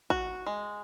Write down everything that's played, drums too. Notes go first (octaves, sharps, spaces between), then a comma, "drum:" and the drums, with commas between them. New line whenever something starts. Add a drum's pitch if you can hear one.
F#4, drum: kick
G#3